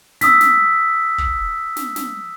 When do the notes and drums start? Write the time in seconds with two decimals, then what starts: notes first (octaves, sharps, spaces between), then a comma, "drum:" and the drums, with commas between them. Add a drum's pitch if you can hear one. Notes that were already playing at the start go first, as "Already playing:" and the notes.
0.21 D#6 E6 B6, drum: snare
0.41 drum: snare
1.18 drum: kick
1.76 drum: snare
1.96 drum: snare